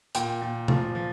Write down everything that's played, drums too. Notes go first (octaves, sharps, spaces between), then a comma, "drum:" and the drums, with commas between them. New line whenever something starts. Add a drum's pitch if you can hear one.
A#2 G5, drum: hi-hat
A#2
F3, drum: tom C3
F3